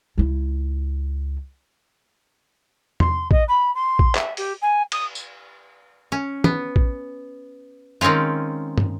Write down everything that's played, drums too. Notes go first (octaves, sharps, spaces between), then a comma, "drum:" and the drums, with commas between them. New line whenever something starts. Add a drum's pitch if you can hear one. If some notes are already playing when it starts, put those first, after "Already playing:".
C#2 E4
C6, drum: tom E2
D#5, drum: kick
B5
C6
drum: kick
E5, drum: clap
G4, drum: open hi-hat
G#5
D#6, drum: cymbal
drum: tambourine
C#4
B3, drum: tom
drum: kick
D#3 G#3 C4 C#4 F4
drum: tom